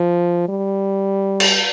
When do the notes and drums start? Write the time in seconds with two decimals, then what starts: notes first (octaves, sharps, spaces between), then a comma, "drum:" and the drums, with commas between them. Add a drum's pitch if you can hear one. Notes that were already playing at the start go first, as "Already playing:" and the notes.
Already playing: F3
0.49 G3
1.40 drum: cymbal